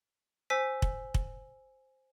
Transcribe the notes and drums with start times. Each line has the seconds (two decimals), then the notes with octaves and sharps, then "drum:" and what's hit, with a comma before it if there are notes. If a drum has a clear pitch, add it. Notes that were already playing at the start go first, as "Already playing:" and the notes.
0.50 C5 G#5 E6 B6
0.82 drum: kick
1.14 drum: kick